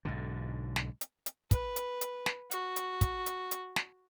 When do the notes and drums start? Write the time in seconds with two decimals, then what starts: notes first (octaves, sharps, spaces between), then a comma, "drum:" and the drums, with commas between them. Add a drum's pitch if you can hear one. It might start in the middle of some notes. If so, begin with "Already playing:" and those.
0.05 B1 G#2 D3
0.76 drum: snare
1.01 drum: hi-hat
1.26 drum: hi-hat
1.51 B4, drum: kick, hi-hat
1.76 drum: hi-hat
2.01 drum: hi-hat
2.26 drum: snare
2.51 F#4, drum: hi-hat
2.76 drum: hi-hat
3.01 drum: kick, hi-hat
3.26 drum: hi-hat
3.51 drum: hi-hat
3.76 drum: snare